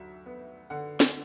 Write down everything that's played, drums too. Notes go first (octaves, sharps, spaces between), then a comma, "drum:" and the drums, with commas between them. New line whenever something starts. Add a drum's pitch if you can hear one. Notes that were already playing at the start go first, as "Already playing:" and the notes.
Already playing: D2 F#3 E5
B3
D3 F#5
drum: snare